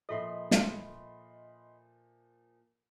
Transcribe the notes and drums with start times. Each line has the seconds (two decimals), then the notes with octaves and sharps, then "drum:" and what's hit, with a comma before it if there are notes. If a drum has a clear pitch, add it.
0.09 A#2 F3 A4 D#5 E5 B5 C6
0.51 drum: snare